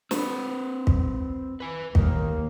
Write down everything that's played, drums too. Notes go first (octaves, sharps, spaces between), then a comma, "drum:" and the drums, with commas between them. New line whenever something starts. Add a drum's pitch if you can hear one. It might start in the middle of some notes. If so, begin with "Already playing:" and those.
C4 B4, drum: snare
drum: kick
B4 G#5
D#2 D#3 A#3, drum: kick